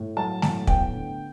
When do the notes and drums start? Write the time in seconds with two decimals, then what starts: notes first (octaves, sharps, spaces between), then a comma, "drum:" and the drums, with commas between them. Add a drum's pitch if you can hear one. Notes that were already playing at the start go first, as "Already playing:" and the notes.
Already playing: A2
0.17 F#3 A5
0.42 A2 A5, drum: snare A3
0.67 B3 G5, drum: kick
0.93 D3